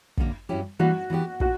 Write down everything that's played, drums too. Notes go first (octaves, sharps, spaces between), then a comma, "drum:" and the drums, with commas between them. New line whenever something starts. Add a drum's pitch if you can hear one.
F#2 D3 A#3, drum: kick
G2 F#3 C#4 E4 G4
E3 G3 A#3 D4 F#4
E3 B3 E4 G4
A#2 F#4, drum: kick